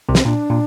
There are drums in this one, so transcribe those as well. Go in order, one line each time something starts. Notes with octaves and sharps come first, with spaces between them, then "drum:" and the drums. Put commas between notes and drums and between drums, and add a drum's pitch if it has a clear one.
C2 C3
C4, drum: snare
A#2 D4
A#2